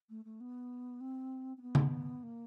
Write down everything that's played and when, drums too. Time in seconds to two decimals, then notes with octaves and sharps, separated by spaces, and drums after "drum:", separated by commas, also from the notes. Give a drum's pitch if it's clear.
0.09 A3
0.24 A3
0.40 B3
1.00 C4
1.57 C4
1.61 B3
1.75 drum: tom C#3
2.23 A#3